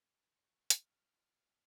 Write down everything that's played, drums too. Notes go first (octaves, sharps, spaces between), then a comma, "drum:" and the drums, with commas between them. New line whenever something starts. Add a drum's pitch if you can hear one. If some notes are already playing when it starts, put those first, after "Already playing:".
C#6
F6, drum: hi-hat